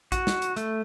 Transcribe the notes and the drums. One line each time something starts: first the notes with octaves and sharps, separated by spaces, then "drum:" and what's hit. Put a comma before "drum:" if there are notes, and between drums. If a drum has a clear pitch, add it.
F#4, drum: kick A1, hi-hat
drum: snare
drum: hi-hat
A3, drum: hi-hat